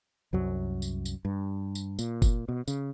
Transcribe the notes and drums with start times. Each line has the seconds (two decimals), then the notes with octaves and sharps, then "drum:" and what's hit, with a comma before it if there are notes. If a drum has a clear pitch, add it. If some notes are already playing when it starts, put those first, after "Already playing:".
0.33 C2 F#2 F#3
0.82 drum: tambourine
1.05 drum: tambourine
1.25 G2
1.75 drum: tambourine
1.99 A#2, drum: tambourine
2.22 drum: kick, tambourine
2.49 B2
2.68 C#3, drum: tambourine